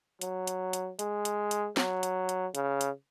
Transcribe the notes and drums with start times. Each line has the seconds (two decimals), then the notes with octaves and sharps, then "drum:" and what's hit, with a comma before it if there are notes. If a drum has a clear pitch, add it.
0.21 F#3, drum: hi-hat
0.47 drum: hi-hat
0.73 drum: hi-hat
0.99 G#3, drum: hi-hat
1.25 drum: hi-hat
1.51 drum: hi-hat
1.77 F#3, drum: snare
2.03 drum: hi-hat
2.29 drum: hi-hat
2.55 C#3, drum: hi-hat
2.81 drum: hi-hat